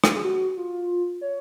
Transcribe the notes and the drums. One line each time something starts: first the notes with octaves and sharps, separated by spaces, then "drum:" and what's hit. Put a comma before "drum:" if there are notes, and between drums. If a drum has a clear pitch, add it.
drum: rim click
G#4
F#4
F4
C#5